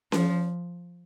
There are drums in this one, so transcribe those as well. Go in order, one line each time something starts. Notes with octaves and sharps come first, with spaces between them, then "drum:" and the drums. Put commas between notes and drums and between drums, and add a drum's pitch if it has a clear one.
F3, drum: snare C#4